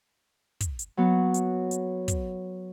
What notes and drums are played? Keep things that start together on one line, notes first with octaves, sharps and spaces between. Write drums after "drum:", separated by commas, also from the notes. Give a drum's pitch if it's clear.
drum: kick, hi-hat
drum: hi-hat
F#3 B3
drum: hi-hat
drum: hi-hat
drum: kick, hi-hat